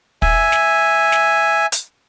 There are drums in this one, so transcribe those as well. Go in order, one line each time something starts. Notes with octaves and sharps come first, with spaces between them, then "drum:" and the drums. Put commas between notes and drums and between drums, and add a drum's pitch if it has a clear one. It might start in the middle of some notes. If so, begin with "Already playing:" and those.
E5 G#5, drum: kick
drum: snare
drum: snare
drum: hi-hat